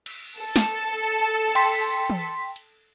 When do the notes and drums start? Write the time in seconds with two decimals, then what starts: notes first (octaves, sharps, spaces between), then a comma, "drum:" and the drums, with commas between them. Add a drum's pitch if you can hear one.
0.06 drum: cymbal
0.39 A4
0.56 drum: snare
1.55 G5 C6 B6, drum: cymbal
2.10 drum: tom E3
2.56 drum: hi-hat